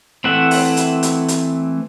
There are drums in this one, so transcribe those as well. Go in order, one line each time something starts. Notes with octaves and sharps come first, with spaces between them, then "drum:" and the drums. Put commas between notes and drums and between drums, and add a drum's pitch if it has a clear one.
E3 A3 C4 E5 F#5
drum: open hi-hat
drum: hi-hat
drum: hi-hat
drum: hi-hat